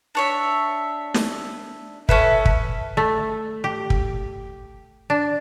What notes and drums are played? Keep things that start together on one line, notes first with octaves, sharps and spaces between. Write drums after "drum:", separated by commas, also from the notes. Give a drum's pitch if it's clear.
D4 C#5 E5
drum: snare
C#4 A4 B4 E5, drum: kick
drum: kick
A3
G4
drum: kick
D4